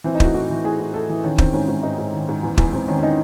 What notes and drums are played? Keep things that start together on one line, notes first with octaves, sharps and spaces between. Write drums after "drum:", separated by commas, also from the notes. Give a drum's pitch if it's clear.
E3 C4
D#4
A2 F#4, drum: kick
A2 F#4
E3
A2 G#4
A2
A2 A4
E3
D#3 C#4
D#3 C4, drum: kick
G#2 C#4
G#2
G#2 D#4
G#2
D#3
G#2
E2
E2, drum: kick
E2 C4
D#3 C#4
C#4
D#3 D#4